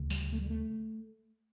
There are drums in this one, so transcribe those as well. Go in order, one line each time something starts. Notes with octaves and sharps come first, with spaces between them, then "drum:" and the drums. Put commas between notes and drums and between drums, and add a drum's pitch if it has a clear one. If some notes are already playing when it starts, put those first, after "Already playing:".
Already playing: D2 C#3
G3, drum: tambourine
A3
G3
A3